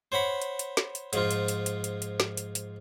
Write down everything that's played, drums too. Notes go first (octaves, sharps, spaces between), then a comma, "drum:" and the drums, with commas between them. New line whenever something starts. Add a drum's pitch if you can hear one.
C5 C#5 F#5 B5
drum: hi-hat
drum: hi-hat
drum: snare
drum: hi-hat
G#2 F3 F4, drum: hi-hat
drum: hi-hat
drum: hi-hat
drum: hi-hat
drum: hi-hat
drum: hi-hat
drum: snare
drum: hi-hat
drum: hi-hat